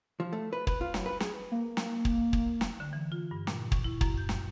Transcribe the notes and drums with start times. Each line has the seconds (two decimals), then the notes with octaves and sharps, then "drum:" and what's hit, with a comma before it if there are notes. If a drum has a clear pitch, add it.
0.20 F3
0.33 A3
0.53 B4
0.67 B4, drum: kick
0.81 F4
0.94 F#2, drum: snare
1.06 B4
1.20 G#4, drum: snare
1.52 A#3
1.77 drum: snare
2.05 drum: kick
2.33 drum: kick
2.61 drum: snare
2.80 D3
2.93 E3
3.12 F4
3.31 G2
3.47 A#2, drum: snare
3.72 C#6, drum: kick
3.84 E4
4.01 F#2, drum: kick
4.18 G6
4.29 drum: snare